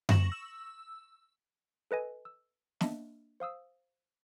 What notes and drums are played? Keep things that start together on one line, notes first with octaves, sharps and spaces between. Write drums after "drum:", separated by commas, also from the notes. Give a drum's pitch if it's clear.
C#6 A#6 E7 F#7, drum: tom F#2
E6
A4 B4 D#5 G#5
E6
A#3 D4 D#5 E5, drum: snare
C5 F5 D#6 E6